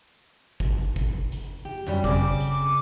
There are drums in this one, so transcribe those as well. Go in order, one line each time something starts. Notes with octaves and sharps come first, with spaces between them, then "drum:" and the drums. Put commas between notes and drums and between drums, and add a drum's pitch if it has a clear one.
drum: kick G1, hi-hat
drum: kick G1, hi-hat
drum: hi-hat
G4
F#2 G3
C#3 C4 D6, drum: kick G1, hi-hat
drum: hi-hat